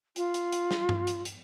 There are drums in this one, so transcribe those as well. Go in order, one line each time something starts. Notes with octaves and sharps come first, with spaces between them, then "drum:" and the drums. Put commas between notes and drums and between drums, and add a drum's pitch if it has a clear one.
F4, drum: hi-hat
drum: hi-hat
drum: hi-hat
drum: snare
drum: tom G2
drum: hi-hat
drum: hi-hat